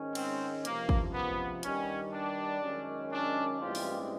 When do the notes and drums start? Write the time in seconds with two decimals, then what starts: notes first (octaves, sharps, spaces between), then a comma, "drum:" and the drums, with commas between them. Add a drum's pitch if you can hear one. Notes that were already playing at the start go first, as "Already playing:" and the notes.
Already playing: G#2 D#3 G#3 C#4
0.15 C4, drum: cymbal
0.65 C#2 C3 F3 A#3, drum: hi-hat
0.89 drum: kick
1.14 B3
1.63 G2 D#3 G3 C#4, drum: hi-hat
2.13 D4
2.63 F#2 D#3 G#3 C#4
3.12 D4
3.61 A1 G2 E3 G#3 C4 F4 G4
3.75 drum: open hi-hat